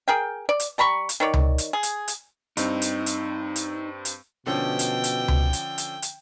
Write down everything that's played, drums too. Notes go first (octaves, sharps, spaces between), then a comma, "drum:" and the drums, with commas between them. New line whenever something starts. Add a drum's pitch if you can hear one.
G#4 A#4 G5
D5
drum: hi-hat
G3 A#5 B5 C#6
drum: hi-hat
D#3 C#5 D5
drum: tom C#2
drum: hi-hat
G#4
drum: hi-hat
drum: hi-hat
G2 C4 D#4, drum: hi-hat
drum: hi-hat
drum: hi-hat
drum: hi-hat
drum: hi-hat
B2 D3 F3 C#4 G5
drum: hi-hat
drum: hi-hat
drum: tom C#2
drum: hi-hat
drum: hi-hat
drum: hi-hat